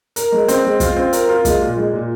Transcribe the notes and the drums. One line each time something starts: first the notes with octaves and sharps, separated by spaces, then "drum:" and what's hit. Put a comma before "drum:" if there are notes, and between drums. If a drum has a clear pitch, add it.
A#4, drum: hi-hat
G#3
C4, drum: hi-hat
G#3
F4, drum: kick, hi-hat
C4
A#4, drum: hi-hat
F4
G#3, drum: kick, hi-hat
A#2
G#3
A#2